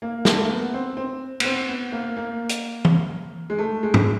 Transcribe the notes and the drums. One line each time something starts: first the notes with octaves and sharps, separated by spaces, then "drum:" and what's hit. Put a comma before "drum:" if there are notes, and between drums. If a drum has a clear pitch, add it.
A#3
A3, drum: snare
A#3
B3
C4
C4
B3, drum: cymbal
C4
B3
A#3
A#3
drum: hi-hat
drum: tom E3
G#3
A3
G#3
drum: tom G#2